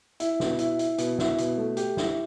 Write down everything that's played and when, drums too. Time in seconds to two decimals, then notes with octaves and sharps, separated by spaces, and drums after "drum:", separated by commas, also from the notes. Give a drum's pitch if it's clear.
0.20 E4, drum: hi-hat
0.40 B2, drum: snare
0.59 E4, drum: hi-hat
0.79 E4, drum: hi-hat
0.98 B2, drum: hi-hat
1.19 E4, drum: snare
1.38 B2, drum: hi-hat
1.57 A3
1.77 G4, drum: hi-hat
1.97 E4, drum: snare